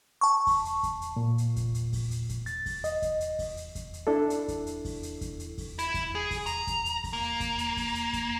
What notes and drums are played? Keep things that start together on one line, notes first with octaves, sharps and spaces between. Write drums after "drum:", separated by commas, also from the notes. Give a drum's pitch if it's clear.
A5 C#6
drum: kick E2, open hi-hat
drum: hi-hat
drum: kick E2, hi-hat
drum: hi-hat
A#2
drum: hi-hat
drum: kick E2, hi-hat
drum: hi-hat
drum: kick E2, open hi-hat
drum: hi-hat
drum: kick E2, hi-hat
A6, drum: hi-hat
drum: kick E2, open hi-hat
D#5, drum: hi-hat
drum: kick E2, hi-hat
drum: hi-hat
drum: kick E2, open hi-hat
drum: hi-hat
drum: kick E2, hi-hat
drum: hi-hat
D4 E4 A4
drum: hi-hat
drum: kick E2, hi-hat
drum: hi-hat
drum: kick E2, open hi-hat
drum: hi-hat
drum: kick E2, hi-hat
drum: hi-hat
drum: kick E2, open hi-hat
E4, drum: hi-hat
drum: kick E2, hi-hat
G#4
drum: kick E2, open hi-hat
A#5, drum: hi-hat
drum: kick E2, hi-hat
drum: hi-hat
drum: kick E2, open hi-hat
A#3
drum: kick E2, hi-hat
drum: hi-hat
drum: kick E2, open hi-hat
drum: hi-hat
drum: kick E2, hi-hat